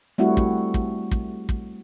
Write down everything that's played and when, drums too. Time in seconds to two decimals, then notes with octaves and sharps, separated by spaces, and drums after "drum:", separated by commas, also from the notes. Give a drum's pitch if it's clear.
0.18 G3 A3 C4 E4 F#4
0.37 drum: kick
0.74 drum: kick
1.11 drum: kick
1.49 drum: kick